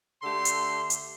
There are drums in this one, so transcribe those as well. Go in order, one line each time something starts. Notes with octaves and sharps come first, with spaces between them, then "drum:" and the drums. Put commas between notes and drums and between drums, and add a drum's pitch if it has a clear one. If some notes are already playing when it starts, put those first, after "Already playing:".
D3 A3 G4 A4 C6
drum: hi-hat
drum: hi-hat